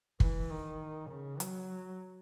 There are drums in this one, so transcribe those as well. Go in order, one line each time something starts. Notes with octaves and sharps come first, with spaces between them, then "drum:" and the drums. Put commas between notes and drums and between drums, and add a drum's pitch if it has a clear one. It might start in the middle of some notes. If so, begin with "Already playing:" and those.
E3, drum: kick
D#3
C#3
F#3, drum: hi-hat